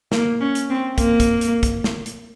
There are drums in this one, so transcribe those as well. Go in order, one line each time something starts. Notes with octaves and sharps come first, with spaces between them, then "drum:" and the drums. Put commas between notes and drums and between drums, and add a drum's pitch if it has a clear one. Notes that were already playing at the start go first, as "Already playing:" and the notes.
A#3, drum: snare
C#4
drum: hi-hat
C4
A#3, drum: kick, hi-hat
drum: kick, hi-hat
drum: hi-hat
drum: kick, hi-hat
drum: snare
drum: hi-hat